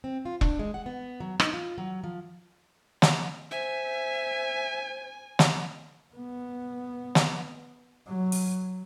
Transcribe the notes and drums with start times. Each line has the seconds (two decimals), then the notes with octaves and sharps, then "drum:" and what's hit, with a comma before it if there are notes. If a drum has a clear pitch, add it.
0.04 C4
0.25 F4
0.41 D4, drum: kick E1
0.59 G#3
0.74 F#5
0.86 B3
1.20 F#3
1.40 D#4, drum: rim click
1.53 F4
1.78 F#3
2.04 F3
3.02 drum: snare
3.51 C5 E5 G#5
5.39 drum: snare
6.15 B3
7.15 drum: snare
8.08 F#3
8.32 drum: open hi-hat